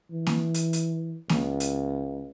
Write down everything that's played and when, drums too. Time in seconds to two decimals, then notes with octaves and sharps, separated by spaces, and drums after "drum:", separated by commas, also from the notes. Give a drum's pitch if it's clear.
0.11 E3
0.27 drum: snare A#3
0.54 drum: hi-hat
0.73 drum: hi-hat
1.29 C#2, drum: snare A#3
1.60 drum: hi-hat